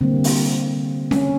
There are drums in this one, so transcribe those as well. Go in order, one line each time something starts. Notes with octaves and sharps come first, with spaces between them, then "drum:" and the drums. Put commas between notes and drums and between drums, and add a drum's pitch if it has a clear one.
D3 G3 A#3 C4
drum: open hi-hat
C#4, drum: snare C#4